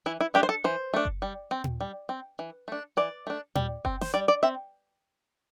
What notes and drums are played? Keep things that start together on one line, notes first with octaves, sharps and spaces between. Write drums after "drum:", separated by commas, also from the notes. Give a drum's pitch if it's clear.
E3 E4
E4
A3 D4 G4
C5
A4
E3 C5
A3 D4
drum: kick F#1
G3
C4
drum: tom A#2
G3
C4
E3
A3 D4
E3 D5
A3 D4
G3, drum: tom A#2
C4, drum: kick F#1
C5, drum: snare
G3 D5
D5
C4 E5